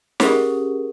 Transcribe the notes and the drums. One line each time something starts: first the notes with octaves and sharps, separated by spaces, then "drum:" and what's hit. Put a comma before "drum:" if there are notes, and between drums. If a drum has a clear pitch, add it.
C#4 G4 G#4 A#4, drum: snare